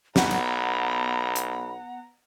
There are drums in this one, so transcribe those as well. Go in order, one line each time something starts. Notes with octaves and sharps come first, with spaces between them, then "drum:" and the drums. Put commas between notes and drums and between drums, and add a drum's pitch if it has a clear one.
B1 B3 F#5 A#5 B5, drum: snare
drum: cymbal
drum: hi-hat